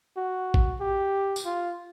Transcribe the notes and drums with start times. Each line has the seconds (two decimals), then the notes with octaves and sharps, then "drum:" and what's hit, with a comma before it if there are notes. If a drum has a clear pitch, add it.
0.17 F#4
0.54 drum: kick A1
0.80 G4
1.36 drum: tambourine
1.45 F4